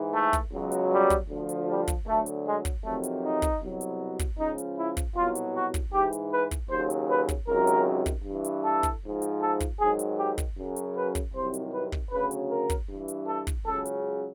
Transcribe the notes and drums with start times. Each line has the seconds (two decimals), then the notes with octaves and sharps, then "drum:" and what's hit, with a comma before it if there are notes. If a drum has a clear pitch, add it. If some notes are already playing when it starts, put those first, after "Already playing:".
Already playing: G#2 E3
0.13 A3
0.33 drum: kick, hi-hat
0.52 C#2 B2 F#3
0.72 drum: hi-hat
0.91 G3
1.10 drum: kick, hi-hat
1.30 D2 D3 F3
1.49 drum: hi-hat
1.69 G3
1.88 drum: kick, hi-hat
2.07 D2 D3 F#3 A3
2.26 drum: hi-hat
2.46 G#3
2.65 drum: kick, hi-hat
2.84 F2 C3 D#3 F#3 A3
3.03 drum: hi-hat
3.23 D#4
3.42 drum: kick, hi-hat
3.62 C2 B2 F#3
3.81 drum: hi-hat
4.19 drum: kick, hi-hat
4.39 C#2 C#3 F3 D#4
4.58 drum: hi-hat
4.77 E4
4.97 drum: kick, hi-hat
5.15 C2 B2 F#3 F4
5.35 drum: hi-hat
5.55 F#4
5.74 drum: kick, hi-hat
5.93 G#2 E3 G4
6.13 drum: hi-hat
6.32 B4
6.51 drum: kick, hi-hat
6.70 D#2 C#3 F#3 C5
6.90 drum: hi-hat
7.09 B4
7.29 drum: kick, hi-hat
7.48 C#2 C3 D#3 F#3 A#4
7.67 drum: hi-hat
8.06 drum: kick, hi-hat
8.25 G2 E3
8.44 drum: hi-hat
8.64 A4
8.83 drum: kick, hi-hat
9.02 G#2 F3
9.22 drum: hi-hat
9.41 A4
9.60 drum: kick, hi-hat
9.79 G#2 D#3 F#3 G#4
9.99 drum: hi-hat
10.19 G4
10.38 drum: kick, hi-hat
10.57 F#2 C#3 F#3
10.76 drum: hi-hat
10.96 B4
11.15 drum: kick, hi-hat
11.34 C2 C3 D#3 F#3 C5
11.54 drum: hi-hat
11.73 B4
11.92 drum: kick
12.11 D2 C#3 F#3 B4
12.31 drum: hi-hat
12.50 A#4
12.70 drum: kick, hi-hat
12.89 G2 E3
13.08 drum: hi-hat
13.27 A4
13.47 drum: kick, hi-hat
13.66 C#2 C#3 F#3 A4
13.85 drum: hi-hat